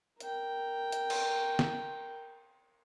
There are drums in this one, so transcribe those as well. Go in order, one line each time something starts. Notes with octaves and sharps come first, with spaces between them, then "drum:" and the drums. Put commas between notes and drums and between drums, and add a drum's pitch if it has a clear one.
A#4 G5, drum: hi-hat
drum: hi-hat
drum: cymbal
drum: snare